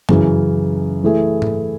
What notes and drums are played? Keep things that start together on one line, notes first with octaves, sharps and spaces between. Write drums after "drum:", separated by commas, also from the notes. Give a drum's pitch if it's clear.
F#2 C#3 E3, drum: tom G2
E3 A3 E4 G#4
drum: tom G#2